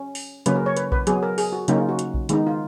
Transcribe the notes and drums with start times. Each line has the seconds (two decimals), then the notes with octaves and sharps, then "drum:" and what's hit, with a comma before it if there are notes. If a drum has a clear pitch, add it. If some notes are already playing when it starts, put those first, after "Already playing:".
Already playing: C#4
0.15 drum: open hi-hat
0.46 C#3 F#3 A#3 C#4 B4, drum: hi-hat
0.56 A#4
0.66 C#5
0.77 B4, drum: hi-hat
0.92 B4, drum: kick A#1
1.07 F#3 B3 G#4, drum: hi-hat
1.23 A#4
1.38 G#4, drum: open hi-hat
1.53 F#4
1.68 C#3 F#3 A#3 C#4 D#4, drum: hi-hat
1.78 F4
1.89 F#4
1.99 drum: hi-hat
2.14 drum: kick A#1
2.29 D#3 G#3 B3 D#4, drum: hi-hat
2.47 F4